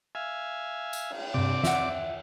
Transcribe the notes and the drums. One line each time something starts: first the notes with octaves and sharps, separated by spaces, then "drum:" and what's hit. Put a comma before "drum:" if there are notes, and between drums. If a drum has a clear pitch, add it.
E5 F5 G#5
drum: tambourine
drum: cymbal
G2 C3 C4 D5 D6
E5 F#5, drum: snare